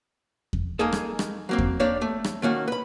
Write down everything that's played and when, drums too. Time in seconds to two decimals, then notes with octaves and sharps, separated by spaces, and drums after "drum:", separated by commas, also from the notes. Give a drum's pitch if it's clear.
0.53 drum: kick E2
0.79 G#3 A#3 D#4 G#4 A4
0.93 drum: rim click
1.19 drum: rim click
1.49 F#3 A#3 C4
1.58 drum: kick E2
1.80 A#3 D4 G4 C#5 D5
2.02 A3
2.24 drum: rim click
2.42 D#3 A#3 C#4 F#4
2.68 B4 B5